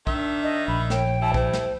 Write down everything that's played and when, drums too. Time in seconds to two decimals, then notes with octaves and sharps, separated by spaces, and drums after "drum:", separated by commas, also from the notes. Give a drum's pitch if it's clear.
0.07 D#3 D4 E5, drum: kick
0.43 D#5
0.68 A#1 B5
0.90 C#5 G5, drum: snare
1.21 G3 E4 A5
1.34 C5, drum: kick
1.53 drum: snare